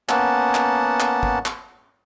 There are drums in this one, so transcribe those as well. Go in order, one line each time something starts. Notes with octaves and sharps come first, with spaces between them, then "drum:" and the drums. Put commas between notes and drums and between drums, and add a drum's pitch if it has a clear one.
A#3 B3 C#4 F#5 A5, drum: clap
drum: clap
drum: clap
drum: kick G#1
drum: clap